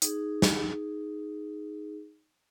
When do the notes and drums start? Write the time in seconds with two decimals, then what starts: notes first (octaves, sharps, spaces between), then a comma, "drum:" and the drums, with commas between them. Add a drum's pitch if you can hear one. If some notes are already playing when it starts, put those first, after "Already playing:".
0.02 D#4 G#4, drum: hi-hat
0.42 drum: snare